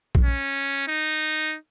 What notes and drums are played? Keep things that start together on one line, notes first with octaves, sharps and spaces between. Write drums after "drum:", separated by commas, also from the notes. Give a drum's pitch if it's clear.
drum: kick
C#4
D#4